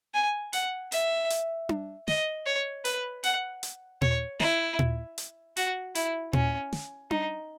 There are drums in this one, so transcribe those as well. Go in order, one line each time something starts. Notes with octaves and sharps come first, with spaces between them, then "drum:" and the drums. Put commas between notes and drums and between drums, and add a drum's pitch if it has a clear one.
G#5
F#5, drum: hi-hat
E5, drum: hi-hat
drum: hi-hat
drum: tom D4
D#5, drum: snare
C#5
B4, drum: hi-hat
F#5, drum: hi-hat
drum: hi-hat
C#5, drum: tom A#2
E4, drum: snare
drum: tom A#2
drum: hi-hat
F#4, drum: hi-hat
E4, drum: hi-hat
C#4, drum: tom A#2
drum: snare
D#4, drum: tom D4